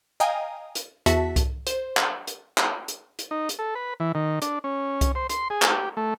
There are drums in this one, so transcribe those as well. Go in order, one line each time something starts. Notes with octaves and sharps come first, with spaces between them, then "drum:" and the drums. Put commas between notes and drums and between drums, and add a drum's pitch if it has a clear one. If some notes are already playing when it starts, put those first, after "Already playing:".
D#5 F5 G5 G#5 A#5 D#6
drum: hi-hat
E2 F#4 E5 A5 B6, drum: hi-hat
drum: kick C2, hi-hat
C5, drum: hi-hat
drum: clap
drum: hi-hat
drum: clap
drum: hi-hat
drum: hi-hat
D#4
drum: hi-hat
A4
B4
E3
D#3
D4, drum: hi-hat
C#4
drum: kick C2, hi-hat
C5
C6, drum: hi-hat
G#4
drum: clap
G4
A3